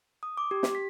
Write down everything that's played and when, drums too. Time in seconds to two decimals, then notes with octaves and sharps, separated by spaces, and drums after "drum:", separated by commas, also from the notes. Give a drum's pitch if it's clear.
0.23 D#6
0.37 D6
0.51 G4
0.63 drum: snare
0.75 B6